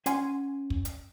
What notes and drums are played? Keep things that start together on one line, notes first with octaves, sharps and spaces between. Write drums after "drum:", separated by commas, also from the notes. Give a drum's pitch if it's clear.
C#4 F#5 G#5 C6, drum: hi-hat
drum: kick
drum: hi-hat